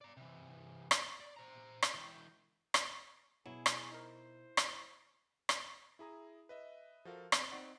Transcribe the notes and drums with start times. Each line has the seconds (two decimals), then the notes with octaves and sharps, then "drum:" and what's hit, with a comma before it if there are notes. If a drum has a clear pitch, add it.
0.01 D5 A#5
0.17 C3 E3
0.91 drum: rim click
1.20 D5
1.37 C5 A#5
1.82 drum: rim click
1.95 E3 G5
2.74 drum: rim click
3.46 B2 F#3 E4 G#4
3.66 drum: rim click
3.92 D#4 A#4 C5
4.57 drum: rim click
5.49 drum: rim click
5.99 E4 G#4 A#5 D#6
6.49 B4 D#5 E5
7.05 F3 F#4 A4 A#4 F5
7.32 C4 B5, drum: rim click
7.52 C4 D#4 D5 F#5